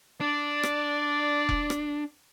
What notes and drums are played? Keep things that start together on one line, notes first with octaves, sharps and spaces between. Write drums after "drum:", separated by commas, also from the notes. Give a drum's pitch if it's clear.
D4 D5
drum: rim click
drum: kick E1
drum: rim click